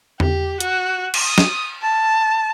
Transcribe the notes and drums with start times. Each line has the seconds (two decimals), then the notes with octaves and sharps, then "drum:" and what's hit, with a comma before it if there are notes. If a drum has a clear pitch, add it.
0.20 G4, drum: tom E2
0.60 F#4, drum: hi-hat
1.14 drum: cymbal
1.25 D#6
1.38 drum: snare
1.82 A5